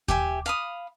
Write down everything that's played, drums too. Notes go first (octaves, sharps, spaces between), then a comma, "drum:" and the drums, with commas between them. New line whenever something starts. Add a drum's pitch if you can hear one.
G4 E5 G#5, drum: kick D#2
F5 B5 D#6